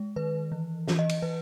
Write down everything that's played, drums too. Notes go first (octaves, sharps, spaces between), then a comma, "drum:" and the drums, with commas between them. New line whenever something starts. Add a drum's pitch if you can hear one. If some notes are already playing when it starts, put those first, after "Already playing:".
Already playing: G#3
D#3 B4
E3
E3, drum: snare
D#5
drum: cymbal
E3 B4